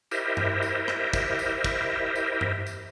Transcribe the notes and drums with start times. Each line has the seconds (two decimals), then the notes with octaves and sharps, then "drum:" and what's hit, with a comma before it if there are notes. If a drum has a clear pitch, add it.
0.11 E4 G4 A#4 C5 D#5 E5, drum: tambourine
0.37 drum: tom G2
0.62 drum: tambourine
0.88 drum: rim click
1.13 drum: kick, tambourine
1.39 drum: tambourine
1.64 drum: kick, tambourine
2.16 drum: tambourine
2.41 drum: tom G2
2.67 drum: tambourine